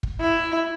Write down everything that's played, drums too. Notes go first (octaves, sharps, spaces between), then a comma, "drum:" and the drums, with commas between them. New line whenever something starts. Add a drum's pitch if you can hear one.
drum: kick
E4